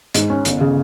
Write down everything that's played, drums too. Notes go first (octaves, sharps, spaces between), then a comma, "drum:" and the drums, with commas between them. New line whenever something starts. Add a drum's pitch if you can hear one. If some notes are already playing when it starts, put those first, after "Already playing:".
G#2, drum: hi-hat
C#4
G1, drum: hi-hat
C#3